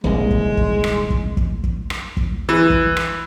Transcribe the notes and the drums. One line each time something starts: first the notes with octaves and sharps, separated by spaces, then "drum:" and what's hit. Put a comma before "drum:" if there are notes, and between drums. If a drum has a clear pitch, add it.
D#1 C2 G#3, drum: kick
drum: kick
drum: kick
drum: rim click
drum: kick
drum: kick
drum: kick
drum: rim click
drum: kick
E3
drum: kick
drum: rim click